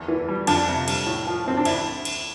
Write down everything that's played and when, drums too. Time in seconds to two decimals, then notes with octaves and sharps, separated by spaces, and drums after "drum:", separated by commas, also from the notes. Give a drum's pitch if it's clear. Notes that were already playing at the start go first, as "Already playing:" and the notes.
Already playing: E2 F3
0.08 E3
0.28 G3
0.47 F2 D4, drum: cymbal
0.68 C3
0.88 G3, drum: cymbal
1.06 A2
1.27 F3
1.46 A2 C4
1.57 D4
1.65 D2 E4, drum: cymbal
2.05 drum: cymbal